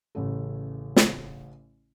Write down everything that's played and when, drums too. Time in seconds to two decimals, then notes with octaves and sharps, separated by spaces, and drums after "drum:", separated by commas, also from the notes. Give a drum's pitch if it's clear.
0.15 A1 C#3 A3
0.96 drum: snare